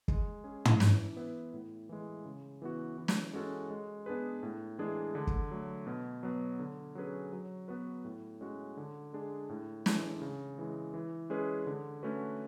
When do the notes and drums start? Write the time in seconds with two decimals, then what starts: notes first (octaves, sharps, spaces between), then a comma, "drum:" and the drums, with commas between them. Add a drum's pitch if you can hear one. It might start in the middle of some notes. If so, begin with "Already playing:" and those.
0.08 G#3, drum: kick
0.44 C#4 G#4
0.65 drum: tom
0.80 E3, drum: snare
1.16 B3 E4 B4
1.53 A2
1.89 E3 G#3
2.25 C#3
2.62 E3 B3 F#4
2.98 E3
3.08 drum: snare
3.33 G#3 C#4 F#4 A4
3.70 G#3
4.06 B3 D4 G#4 B4
4.43 A2
4.78 E3 G#3 D4 G#4
5.15 D3
5.27 drum: kick
5.51 F#3 A3
5.87 B2
6.23 F#3 B3
6.59 D3
6.95 F#3 C#4 G#4 B4
7.33 F#3
7.68 B3 F#4 B4
8.05 A2
8.41 G#3 C#4 F#4
8.77 D3
9.13 G#3 D4 G#4
9.49 A2
9.86 E3 G#3 D4, drum: snare
10.22 C#3
10.58 E3 G#3
10.94 E3
11.30 G#3 C#4 G#4 B4
11.66 D3
12.03 A3 C#4 F#4 B4